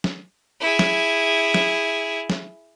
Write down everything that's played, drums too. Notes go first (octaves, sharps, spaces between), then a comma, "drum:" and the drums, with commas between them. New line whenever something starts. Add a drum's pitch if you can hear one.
drum: snare
E4 G#4
drum: snare
drum: snare
drum: snare